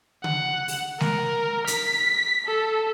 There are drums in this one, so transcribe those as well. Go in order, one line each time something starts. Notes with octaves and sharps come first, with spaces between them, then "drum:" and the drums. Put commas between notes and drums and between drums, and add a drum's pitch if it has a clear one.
F#5, drum: tom C#3
drum: open hi-hat
A#4, drum: snare G#3
B6, drum: hi-hat
A4